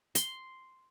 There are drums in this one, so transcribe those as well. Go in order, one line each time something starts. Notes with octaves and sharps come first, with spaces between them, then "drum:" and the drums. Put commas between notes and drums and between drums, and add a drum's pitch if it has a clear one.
C6, drum: hi-hat